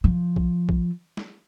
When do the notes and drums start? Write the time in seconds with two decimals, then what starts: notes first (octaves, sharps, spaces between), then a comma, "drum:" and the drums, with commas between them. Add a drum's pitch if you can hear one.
0.04 F3
0.36 drum: kick
0.69 drum: kick
1.17 drum: snare